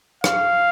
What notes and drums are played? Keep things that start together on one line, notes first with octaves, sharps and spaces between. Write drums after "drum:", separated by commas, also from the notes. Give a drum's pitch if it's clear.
F5, drum: rim click